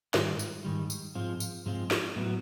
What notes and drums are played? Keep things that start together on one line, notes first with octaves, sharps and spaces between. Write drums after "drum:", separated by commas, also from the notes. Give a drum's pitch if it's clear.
G#2 D#3 G3, drum: snare
drum: tambourine
G#2 D#3 G3
drum: tambourine
G#2 F3 G#3 C4 F4
drum: tambourine
G#2 F3 G#3 C4 F4
drum: snare
A2 F#3 B3